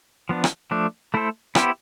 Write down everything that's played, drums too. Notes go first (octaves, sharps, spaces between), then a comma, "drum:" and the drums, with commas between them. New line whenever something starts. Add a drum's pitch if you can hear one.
F3 B3 D4
drum: rim click
F3 A3 D4
A3 E4 A4 C5
B3 E4 G4 C5, drum: rim click